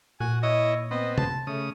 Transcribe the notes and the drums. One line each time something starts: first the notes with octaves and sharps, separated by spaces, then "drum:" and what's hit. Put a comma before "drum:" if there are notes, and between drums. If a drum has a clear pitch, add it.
A#2 F#4 G#5
E4 C#5 D#5
B3 C4 D#5
A5, drum: tom
C#3 A3 D#6